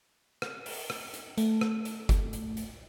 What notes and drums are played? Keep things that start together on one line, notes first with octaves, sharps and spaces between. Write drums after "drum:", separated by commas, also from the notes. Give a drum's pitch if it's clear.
drum: rim click
drum: open hi-hat
drum: rim click
drum: hi-hat
A3, drum: hi-hat
drum: rim click
drum: hi-hat
drum: kick F#1, hi-hat
drum: hi-hat
drum: hi-hat